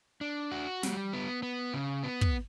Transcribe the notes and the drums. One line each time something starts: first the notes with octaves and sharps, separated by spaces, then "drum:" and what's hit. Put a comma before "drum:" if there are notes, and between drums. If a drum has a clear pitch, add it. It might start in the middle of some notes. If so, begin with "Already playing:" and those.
D4
F#4
G3, drum: snare
B3
B3
C#3
B3
drum: kick